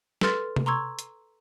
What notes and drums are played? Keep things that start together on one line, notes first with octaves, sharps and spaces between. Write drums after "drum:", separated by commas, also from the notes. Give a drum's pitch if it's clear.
A4 B4 C6 F6 A6, drum: snare
drum: tom C3
A#5 C6 C#6 E6 G#6
drum: hi-hat